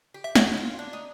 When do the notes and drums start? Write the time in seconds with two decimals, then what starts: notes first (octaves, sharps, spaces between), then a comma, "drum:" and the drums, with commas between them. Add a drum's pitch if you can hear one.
0.14 G4
0.24 E5
0.35 F#4 C#5 D#5, drum: snare
0.54 F#4
0.57 F4
0.79 D4
0.93 D#4